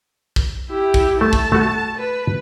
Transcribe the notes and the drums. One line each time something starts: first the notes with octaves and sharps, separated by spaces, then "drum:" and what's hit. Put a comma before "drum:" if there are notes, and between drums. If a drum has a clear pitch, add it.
drum: kick
E4 G4
drum: kick
A3 A5
drum: kick
A3 F#4
B4